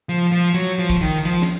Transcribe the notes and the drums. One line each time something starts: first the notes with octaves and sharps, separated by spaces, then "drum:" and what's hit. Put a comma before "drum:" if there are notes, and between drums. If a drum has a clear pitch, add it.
F3
F3
F#3, drum: hi-hat
F3
drum: kick A#1, hi-hat
D#3
F3, drum: hi-hat
drum: snare